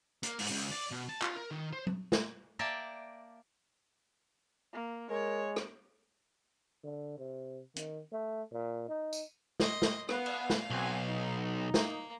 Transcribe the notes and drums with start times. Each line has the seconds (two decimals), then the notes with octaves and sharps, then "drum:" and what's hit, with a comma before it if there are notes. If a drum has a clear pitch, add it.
0.23 A#3, drum: hi-hat
0.39 G#2, drum: open hi-hat
0.50 C#2
0.71 D5
0.91 B2
1.09 A5
1.22 F4, drum: clap
1.36 A#4
1.51 D#3
1.73 C5
1.87 drum: tom
2.12 drum: snare
2.59 A#3 A#4 D5 E5 G5 A5
4.73 A#3
5.11 G#3 A#4 C#5
5.56 drum: rim click
6.84 D3
7.18 C3
7.76 D#3, drum: hi-hat
8.13 A3
8.52 A#2
8.89 D#4
9.13 drum: tambourine
9.60 D#5 C6, drum: snare
9.82 drum: snare
10.09 B3 F5, drum: rim click
10.26 drum: cymbal
10.50 drum: snare
10.70 B1 C4 F#4 G#5
11.07 D#4
11.74 A#3, drum: snare